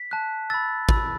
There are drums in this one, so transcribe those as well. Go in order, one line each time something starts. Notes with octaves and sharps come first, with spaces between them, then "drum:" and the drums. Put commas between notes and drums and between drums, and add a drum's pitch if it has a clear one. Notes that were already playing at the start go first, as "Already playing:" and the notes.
Already playing: B6
A5 F#6
B5 E6 A6
B5 E6, drum: kick